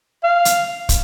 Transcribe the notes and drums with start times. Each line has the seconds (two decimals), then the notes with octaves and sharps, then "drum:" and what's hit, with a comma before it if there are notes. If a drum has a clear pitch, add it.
0.24 F5
0.45 drum: hi-hat
0.89 drum: kick, hi-hat